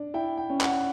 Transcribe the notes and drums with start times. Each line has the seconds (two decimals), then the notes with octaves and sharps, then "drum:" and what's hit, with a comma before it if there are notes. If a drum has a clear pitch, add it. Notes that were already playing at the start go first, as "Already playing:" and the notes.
Already playing: D4
0.14 E4 G5
0.37 G5
0.50 C#4
0.61 F#5, drum: clap